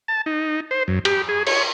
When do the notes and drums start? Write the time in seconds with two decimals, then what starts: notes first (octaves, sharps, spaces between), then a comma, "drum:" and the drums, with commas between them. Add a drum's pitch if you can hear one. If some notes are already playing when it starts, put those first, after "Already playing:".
0.08 A5
0.26 D#4
0.71 C5
0.88 F#2
1.05 G4, drum: cymbal
1.29 G#4
1.47 C#5, drum: cymbal